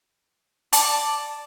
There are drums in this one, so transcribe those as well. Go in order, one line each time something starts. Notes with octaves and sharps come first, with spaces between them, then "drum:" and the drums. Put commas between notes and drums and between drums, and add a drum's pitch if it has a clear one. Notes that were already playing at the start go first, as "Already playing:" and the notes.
D5 A5, drum: hi-hat